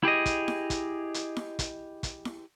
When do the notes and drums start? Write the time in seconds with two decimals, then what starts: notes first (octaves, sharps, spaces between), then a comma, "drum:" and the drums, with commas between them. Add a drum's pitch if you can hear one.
0.03 E4 G4 G#4 D#5
0.26 drum: kick, hi-hat
0.48 drum: snare E4
0.70 drum: kick, hi-hat
1.14 drum: hi-hat
1.37 drum: snare E4
1.59 drum: kick, hi-hat
2.03 drum: kick, hi-hat
2.25 drum: snare E4